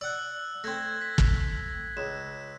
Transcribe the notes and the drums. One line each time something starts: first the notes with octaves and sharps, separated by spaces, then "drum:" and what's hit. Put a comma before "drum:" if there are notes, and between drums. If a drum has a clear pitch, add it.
D5 F#5 E6 F#6
A3 C4 E6 G#6 A#6
B6
drum: kick
C#2 E7